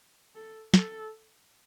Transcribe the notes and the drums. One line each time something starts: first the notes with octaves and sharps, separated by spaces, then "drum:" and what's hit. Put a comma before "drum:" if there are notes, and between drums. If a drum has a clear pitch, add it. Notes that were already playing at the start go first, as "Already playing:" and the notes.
A4
A4, drum: snare